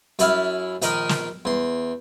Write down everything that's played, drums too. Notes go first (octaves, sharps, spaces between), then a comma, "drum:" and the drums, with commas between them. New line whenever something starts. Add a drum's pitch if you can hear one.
F#2 E4 F5, drum: hi-hat
A#1 D#3 D#4 A#4, drum: hi-hat
drum: snare
E2 C6